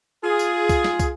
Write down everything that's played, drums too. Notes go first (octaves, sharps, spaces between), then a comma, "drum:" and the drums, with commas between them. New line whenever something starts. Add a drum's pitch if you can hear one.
F4 G#4
drum: tambourine
drum: kick, tambourine
drum: snare
drum: kick, tambourine